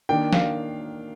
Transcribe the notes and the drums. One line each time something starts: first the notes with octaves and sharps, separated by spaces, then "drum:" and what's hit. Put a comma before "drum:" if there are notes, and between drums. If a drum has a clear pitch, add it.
D#3 A#3 D4 G5
F5, drum: snare